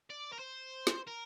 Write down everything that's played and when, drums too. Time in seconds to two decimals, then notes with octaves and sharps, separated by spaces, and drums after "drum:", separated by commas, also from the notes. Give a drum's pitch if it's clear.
0.10 D5
0.32 A#4
0.39 C5
0.87 drum: snare
1.07 A#4